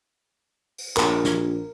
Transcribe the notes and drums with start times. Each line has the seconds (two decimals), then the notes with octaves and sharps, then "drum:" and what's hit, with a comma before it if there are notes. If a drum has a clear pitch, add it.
0.78 drum: open hi-hat
0.97 A#1 A#4, drum: clap
1.25 drum: snare